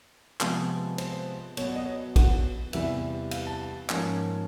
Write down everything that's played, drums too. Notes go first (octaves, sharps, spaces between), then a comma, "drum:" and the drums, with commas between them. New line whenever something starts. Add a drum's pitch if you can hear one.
C3 F3 G#3 B3, drum: clap
C5, drum: cymbal
B2 F#3 B3 C#5, drum: cymbal
D5
D#5
C#5
F#5, drum: kick, cymbal
E2 C3 E3 G3 E5, drum: cymbal
F5, drum: cymbal
A5
G#2 F3 A#3 C#4, drum: clap